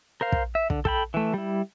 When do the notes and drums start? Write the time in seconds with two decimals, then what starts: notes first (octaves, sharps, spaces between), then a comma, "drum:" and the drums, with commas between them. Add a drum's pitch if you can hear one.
0.21 A#4 C5 F5
0.32 drum: kick
0.55 E5
0.70 D3, drum: kick
0.85 A4 G5 B5, drum: kick
1.14 E3 A3
1.34 G3 E4